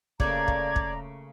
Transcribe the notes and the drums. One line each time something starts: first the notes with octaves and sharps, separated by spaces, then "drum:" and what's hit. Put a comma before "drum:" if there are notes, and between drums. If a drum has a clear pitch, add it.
C#3 A3 A#3 D5 A#5 G#6, drum: kick
drum: kick
drum: kick